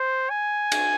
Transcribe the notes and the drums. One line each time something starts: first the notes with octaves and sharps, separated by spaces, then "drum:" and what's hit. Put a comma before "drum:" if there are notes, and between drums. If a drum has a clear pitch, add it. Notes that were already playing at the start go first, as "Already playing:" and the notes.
Already playing: C5
G#5
drum: cymbal